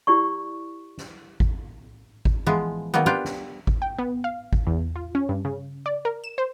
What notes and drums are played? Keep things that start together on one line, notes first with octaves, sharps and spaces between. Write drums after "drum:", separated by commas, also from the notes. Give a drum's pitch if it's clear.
E4 G4 D5 C#6
drum: snare
drum: kick G#1
drum: kick G#1
E3 F3 G#3 B3 G#4
D#3 F#3 A#3 B3
D4 F4 G4 B4 F5 G5
drum: snare
drum: kick G#1
G5
B3
F5
drum: kick G#1
E2
F4
C#4
G2
C#3
D5
A#4
E7
C5